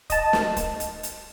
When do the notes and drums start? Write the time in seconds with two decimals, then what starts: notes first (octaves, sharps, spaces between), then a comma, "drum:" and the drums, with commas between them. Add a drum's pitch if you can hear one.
0.10 D#5 A5, drum: kick, hi-hat
0.33 drum: snare
0.56 drum: kick, hi-hat
0.80 drum: hi-hat
1.03 drum: hi-hat